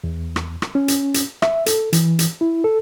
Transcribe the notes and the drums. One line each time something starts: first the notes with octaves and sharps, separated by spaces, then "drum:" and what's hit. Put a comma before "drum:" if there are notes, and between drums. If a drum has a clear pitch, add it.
E2
drum: rim click
drum: rim click
C#4
drum: hi-hat
drum: hi-hat
E5, drum: rim click
A4, drum: hi-hat
E3, drum: hi-hat
drum: hi-hat
E4
A4